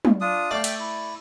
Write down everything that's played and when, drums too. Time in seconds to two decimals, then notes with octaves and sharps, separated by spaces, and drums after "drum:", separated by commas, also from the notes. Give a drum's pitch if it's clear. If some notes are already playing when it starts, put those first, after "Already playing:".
0.05 drum: tom
0.21 D4 F4 D#6
0.51 A3 D5 F5 G5 A5
0.64 E5 G5, drum: cymbal
0.79 E4